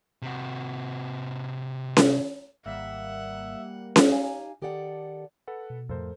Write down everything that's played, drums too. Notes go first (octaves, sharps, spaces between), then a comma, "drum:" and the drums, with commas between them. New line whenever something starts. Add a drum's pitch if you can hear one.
C3 F#4
drum: snare C#4
G#1 G3 A#3 E5 F#5
drum: snare C#4
D#4 G4 F5 G#5
D#3 G4 A4 D5 F#5
A4 B4 F#5
B2
F2 A2 A4 A#4 C5